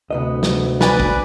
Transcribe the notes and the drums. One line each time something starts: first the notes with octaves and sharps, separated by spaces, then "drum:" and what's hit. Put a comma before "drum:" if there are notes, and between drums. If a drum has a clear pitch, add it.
D2 C3 B3 D#5
drum: snare
B4 D5 G#5, drum: snare
drum: kick A#1